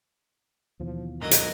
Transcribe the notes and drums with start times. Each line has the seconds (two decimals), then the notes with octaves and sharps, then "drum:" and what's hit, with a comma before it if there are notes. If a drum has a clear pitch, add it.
0.80 D#2 B2 E3 F3
1.21 G#2 D3 F#3 A#4 D#5
1.31 drum: hi-hat